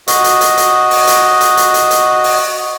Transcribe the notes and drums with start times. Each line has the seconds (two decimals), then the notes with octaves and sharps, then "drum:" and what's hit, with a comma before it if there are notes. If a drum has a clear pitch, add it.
0.08 F#4 D#5, drum: hi-hat
0.24 drum: hi-hat
0.41 drum: hi-hat
0.57 drum: hi-hat
0.91 drum: open hi-hat
1.07 drum: hi-hat
1.41 drum: hi-hat
1.57 drum: hi-hat
1.74 drum: hi-hat
1.91 drum: hi-hat
2.24 drum: open hi-hat